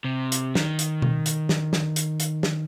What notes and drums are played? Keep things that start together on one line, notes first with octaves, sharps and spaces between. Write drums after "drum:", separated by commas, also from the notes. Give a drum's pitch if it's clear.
C3
drum: hi-hat
D#3, drum: snare
drum: hi-hat
drum: tom B2
drum: hi-hat
drum: snare
drum: snare
drum: hi-hat
drum: hi-hat
drum: snare